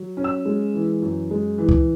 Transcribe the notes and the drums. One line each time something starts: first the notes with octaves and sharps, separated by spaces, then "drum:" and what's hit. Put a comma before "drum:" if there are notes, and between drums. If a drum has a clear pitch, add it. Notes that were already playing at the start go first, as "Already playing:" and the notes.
Already playing: F#3
C#4
E6
G#3
E3
F#2
G#3
E3
drum: kick C#2